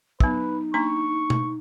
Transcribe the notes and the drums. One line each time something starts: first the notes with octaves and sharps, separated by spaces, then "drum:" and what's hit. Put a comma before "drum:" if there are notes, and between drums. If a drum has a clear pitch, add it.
F#3 B3 D#4 B4, drum: kick
A#3 D4 A#5 C#6
drum: tom